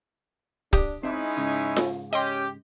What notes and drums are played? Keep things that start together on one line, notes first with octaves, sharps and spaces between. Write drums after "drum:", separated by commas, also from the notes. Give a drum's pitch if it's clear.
D4 G4 D#6, drum: kick
G#3 C4 C#4 D#4 E4 E5
G#2 C#3
drum: snare F4
C#4 G4 D#5 G5 C6